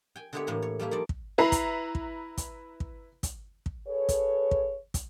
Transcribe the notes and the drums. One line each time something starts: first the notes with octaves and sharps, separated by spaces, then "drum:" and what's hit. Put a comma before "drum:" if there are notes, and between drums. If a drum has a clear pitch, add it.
G5 G#5
D3 G#3 B3 E4 G4 C#5
A2 E3 A#3 A#5
C#5
G3 A3 A#3 E4
F3 D#4 D5
drum: kick
E4 B4 A#5 C7
drum: kick, hi-hat
drum: kick
drum: kick, hi-hat
drum: kick
drum: kick, hi-hat
drum: kick
G#4 A4 B4 C#5
drum: kick, hi-hat
drum: kick
drum: kick, hi-hat